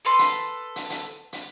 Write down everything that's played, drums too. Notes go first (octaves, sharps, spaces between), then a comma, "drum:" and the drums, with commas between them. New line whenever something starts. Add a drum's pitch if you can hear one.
A4 B4 C6
drum: hi-hat
drum: hi-hat
drum: hi-hat
drum: hi-hat